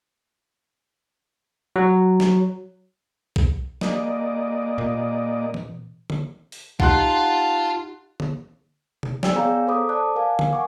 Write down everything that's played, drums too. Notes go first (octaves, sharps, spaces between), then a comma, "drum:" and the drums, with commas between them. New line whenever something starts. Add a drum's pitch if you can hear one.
F#3
drum: snare
drum: kick B1
A#3 D5 D#5, drum: snare
A#2
drum: tom E3
drum: tom D3
drum: open hi-hat
D#4 F4 G4 F#5 A5 C6 F#6, drum: kick B1
drum: tom D3
drum: tom C3
C#5 D5 G5 G#5 E6, drum: snare
B3 G#4 C#5 F5 A#5
A4 C5 B5 D6 D#6
D5 A5 D6 F#6
A#4 F5 G#5
drum: tom D3
F#5 G#5 C#6 D6